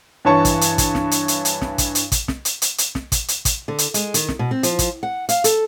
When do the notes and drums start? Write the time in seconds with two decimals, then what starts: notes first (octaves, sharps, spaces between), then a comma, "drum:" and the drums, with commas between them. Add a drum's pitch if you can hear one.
0.25 G2 E3 C#5 A5 C#6
0.45 drum: kick, hi-hat
0.61 drum: hi-hat
0.78 drum: kick, hi-hat
0.95 drum: snare
1.11 drum: hi-hat
1.28 drum: hi-hat
1.45 drum: hi-hat
1.62 drum: snare
1.78 drum: kick, hi-hat
1.95 drum: hi-hat
2.12 drum: kick, hi-hat
2.28 drum: snare
2.45 drum: hi-hat
2.62 drum: hi-hat
2.78 drum: hi-hat
2.95 drum: snare
3.12 drum: kick, hi-hat
3.28 drum: hi-hat
3.45 drum: kick, hi-hat
3.68 D3
3.78 drum: hi-hat
3.94 G#3, drum: hi-hat
4.14 D#3, drum: hi-hat
4.29 drum: snare
4.39 B2
4.51 C4
4.63 F3, drum: hi-hat
4.79 drum: kick, hi-hat
5.03 F#5
5.29 F5, drum: hi-hat
5.44 A4, drum: hi-hat